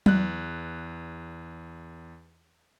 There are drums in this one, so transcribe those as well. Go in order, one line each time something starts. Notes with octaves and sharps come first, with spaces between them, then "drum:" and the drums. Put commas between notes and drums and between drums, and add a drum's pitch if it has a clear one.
E2 F#6, drum: tom F#3